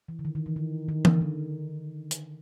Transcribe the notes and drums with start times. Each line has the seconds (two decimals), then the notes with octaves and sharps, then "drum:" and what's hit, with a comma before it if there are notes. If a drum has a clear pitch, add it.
0.08 E3
0.19 D3
0.25 D#3
0.35 D#3
0.46 E3
0.56 D#3
0.89 D#3
1.05 D3, drum: tom E3
1.21 D#3
2.11 drum: hi-hat